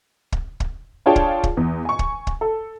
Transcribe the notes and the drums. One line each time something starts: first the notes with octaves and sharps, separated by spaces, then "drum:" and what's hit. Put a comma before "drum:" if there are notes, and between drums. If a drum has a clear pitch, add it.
drum: kick
drum: kick
D4 F4 G#4 C#5 G5 A5
drum: kick
drum: kick
E2
G#5 C#6
drum: kick
drum: kick
A4